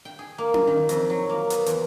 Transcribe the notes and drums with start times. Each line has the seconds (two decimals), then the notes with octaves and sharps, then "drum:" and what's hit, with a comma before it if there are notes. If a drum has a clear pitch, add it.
0.05 G5
0.19 G#4
0.38 A#3
0.54 drum: tom C#4
0.67 D#3
0.89 F2, drum: hi-hat
1.10 F#3
1.29 A#3
1.50 B3, drum: hi-hat
1.66 E2, drum: hi-hat